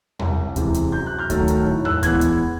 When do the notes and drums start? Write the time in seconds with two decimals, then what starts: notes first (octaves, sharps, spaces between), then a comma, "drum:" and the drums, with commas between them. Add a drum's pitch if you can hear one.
0.19 C2, drum: tom E2
0.56 C3 E3 G#3, drum: kick D2, hi-hat
0.74 drum: hi-hat
0.92 F#2 G6
1.06 F#6
1.19 F6 G6
1.30 D#3 F#3 A3, drum: kick D2, hi-hat
1.48 drum: hi-hat
1.66 A2
1.85 E6 F#6, drum: tom E2
2.03 E3 G#3 B3 F#6 G#6, drum: kick D2, hi-hat
2.21 drum: hi-hat